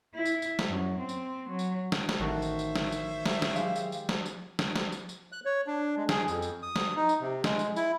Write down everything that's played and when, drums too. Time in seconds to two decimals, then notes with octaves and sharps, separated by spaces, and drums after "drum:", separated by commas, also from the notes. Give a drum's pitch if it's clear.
0.14 E4
0.25 drum: tambourine
0.42 drum: tambourine
0.59 drum: snare
0.68 F#2
0.99 C4
1.09 drum: tambourine
1.49 F#3
1.59 drum: tambourine
1.92 drum: snare
2.09 drum: snare
2.20 A1 D#3 F#4 A4 C5 C#5 E5
2.42 drum: tambourine
2.59 drum: tambourine
2.76 drum: snare
2.92 drum: tambourine
3.26 drum: snare
3.42 drum: snare
3.56 F#3 G#3 G4 F5, drum: tambourine
3.76 drum: tambourine
3.92 drum: tambourine
4.09 drum: snare
4.26 drum: tambourine
4.59 drum: snare
4.76 drum: snare
4.92 drum: tambourine
5.09 drum: tambourine
5.32 F#6
5.45 C#5
5.67 D4
5.97 G#3
6.09 G#4, drum: snare
6.28 F2, drum: tambourine
6.42 drum: tambourine
6.62 D#6
6.76 drum: snare
6.96 D#4
7.09 drum: tambourine
7.21 C3
7.44 G#3, drum: snare
7.59 drum: tambourine
7.76 E4, drum: tambourine